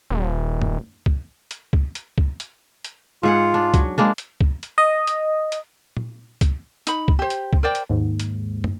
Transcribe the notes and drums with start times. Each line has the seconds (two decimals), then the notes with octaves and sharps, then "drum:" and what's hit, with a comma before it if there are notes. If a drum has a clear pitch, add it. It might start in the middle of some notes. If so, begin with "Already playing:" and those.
0.10 D#1
0.62 drum: tom
1.06 drum: kick
1.51 drum: hi-hat
1.73 drum: kick
1.95 drum: hi-hat
2.18 drum: kick
2.40 drum: hi-hat
2.84 drum: hi-hat
3.23 G#2 F4 G#4 F#5
3.54 D4
3.74 F#3, drum: kick, hi-hat
3.98 G#3 A#3 D4
4.18 drum: hi-hat
4.41 drum: kick
4.63 drum: hi-hat
4.78 D#5
5.07 drum: hi-hat
5.52 drum: hi-hat
5.97 drum: tom A#2
6.41 drum: kick, hi-hat
6.87 D#4 B5, drum: hi-hat
7.08 drum: kick
7.19 G4 C5
7.30 drum: hi-hat
7.53 drum: kick
7.63 A#4 C5 D5 G5
7.75 drum: hi-hat
7.89 D#2 G#2
8.19 drum: hi-hat
8.64 drum: tom